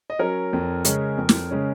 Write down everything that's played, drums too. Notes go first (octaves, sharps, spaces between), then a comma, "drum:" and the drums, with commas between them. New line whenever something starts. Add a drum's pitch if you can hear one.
D#5
F#3 C#4 A#4 C#5
F2
C#3 G#3 C#4, drum: hi-hat
F2
drum: snare
C#3 G#3 C#4